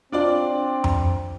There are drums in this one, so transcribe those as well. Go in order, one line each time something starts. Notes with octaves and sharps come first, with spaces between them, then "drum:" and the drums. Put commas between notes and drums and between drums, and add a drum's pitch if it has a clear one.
C4 D4 F4 D5
drum: tom F2